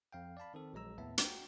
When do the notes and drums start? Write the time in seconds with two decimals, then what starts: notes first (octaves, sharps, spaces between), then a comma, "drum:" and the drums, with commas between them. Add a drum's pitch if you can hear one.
0.12 F2 F5 G5
0.37 D5 F5 A5 B5
0.54 D#3 C4 A4
0.73 A#1 F#3 G#3 A#5 E6
0.98 D#2 A2 B3 E5 A5
1.18 F#4 G5 A#5, drum: hi-hat